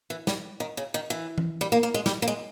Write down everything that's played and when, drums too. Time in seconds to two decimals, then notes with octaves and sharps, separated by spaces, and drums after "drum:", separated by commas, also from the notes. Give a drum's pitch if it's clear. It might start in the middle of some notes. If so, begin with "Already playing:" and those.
0.10 E3
0.27 G3, drum: snare
0.60 D#3
0.77 C#3
0.94 D#3
1.10 E3
1.38 drum: tom
1.61 G3
1.72 A#3
1.83 A#3
1.94 G#3
2.06 G3, drum: snare
2.22 A#3
2.28 G#3